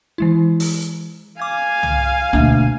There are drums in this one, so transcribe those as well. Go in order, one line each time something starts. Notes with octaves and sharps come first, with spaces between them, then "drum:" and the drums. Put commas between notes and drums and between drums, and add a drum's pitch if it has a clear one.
E3 G#3 E4
drum: open hi-hat
F5 G#5 D6 G#6
drum: tom
D2 B2 A#3 D4 E5